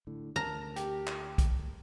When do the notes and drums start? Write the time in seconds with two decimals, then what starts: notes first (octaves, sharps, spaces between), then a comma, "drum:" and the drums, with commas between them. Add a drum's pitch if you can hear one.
0.07 A2 D3
0.36 D2 A#4 A5 A#5 F6
0.76 G4, drum: hi-hat
1.07 drum: clap
1.38 drum: kick, hi-hat